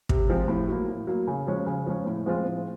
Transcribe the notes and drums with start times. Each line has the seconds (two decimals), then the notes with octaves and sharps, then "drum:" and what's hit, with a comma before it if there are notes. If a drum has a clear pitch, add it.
0.09 C3, drum: kick
0.29 F3 G#3 C4
0.48 A2
0.68 F#3 A#3
0.88 A2
1.07 F#3 A#3
1.27 C#3
1.47 F3 G#3 C#4
1.66 C#3
1.86 F3 G#3 C#4
2.06 A2
2.26 F3 G#3 C4 F4
2.46 A2